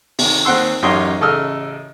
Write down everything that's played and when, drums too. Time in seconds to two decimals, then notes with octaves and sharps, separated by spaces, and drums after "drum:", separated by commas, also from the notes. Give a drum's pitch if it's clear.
0.19 C3 D#3, drum: open hi-hat
0.45 D#2 C4 F#5 C6 E6
0.82 A1 F#2 D#4 G4 C#5 C6
1.21 A1 C#3 A4 D#5 E6 F6